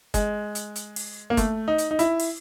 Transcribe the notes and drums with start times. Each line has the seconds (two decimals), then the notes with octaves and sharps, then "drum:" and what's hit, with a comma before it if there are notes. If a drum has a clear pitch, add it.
0.14 G#3, drum: kick, hi-hat
0.55 drum: hi-hat
0.76 drum: hi-hat
0.96 drum: open hi-hat
1.30 A#3
1.37 A3, drum: kick, hi-hat
1.68 D#4
1.78 drum: hi-hat
1.91 D#4
1.99 E4, drum: hi-hat
2.19 drum: open hi-hat